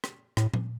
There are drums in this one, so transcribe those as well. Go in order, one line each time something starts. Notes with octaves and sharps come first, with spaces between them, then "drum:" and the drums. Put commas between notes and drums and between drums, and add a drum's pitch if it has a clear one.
drum: rim click
A2, drum: rim click
drum: tom A#2